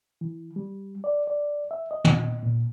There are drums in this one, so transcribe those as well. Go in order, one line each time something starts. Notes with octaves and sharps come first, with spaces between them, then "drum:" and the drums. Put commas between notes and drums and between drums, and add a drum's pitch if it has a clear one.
E3
G3
D5
D5
E5
D#5
drum: tom
A#2